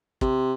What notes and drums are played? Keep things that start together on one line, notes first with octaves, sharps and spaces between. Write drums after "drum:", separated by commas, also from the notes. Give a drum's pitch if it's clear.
C3, drum: kick